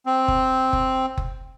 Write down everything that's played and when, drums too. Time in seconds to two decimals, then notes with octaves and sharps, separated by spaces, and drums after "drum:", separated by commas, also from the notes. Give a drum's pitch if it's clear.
0.06 C4
0.28 drum: kick F#1
0.73 drum: kick F#1
1.18 drum: kick F#1